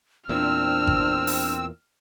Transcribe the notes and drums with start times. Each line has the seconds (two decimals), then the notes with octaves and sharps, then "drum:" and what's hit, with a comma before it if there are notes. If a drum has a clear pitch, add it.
0.29 E2 A#2 C4 D4 E6 F6
0.87 drum: kick G#1
1.27 drum: open hi-hat